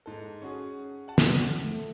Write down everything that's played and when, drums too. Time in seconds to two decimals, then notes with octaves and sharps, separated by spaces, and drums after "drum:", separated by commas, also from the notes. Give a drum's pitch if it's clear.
0.06 G#2 A4
0.42 C#4 F#4 G#4
1.08 F#5 A5
1.18 drum: snare
1.64 A3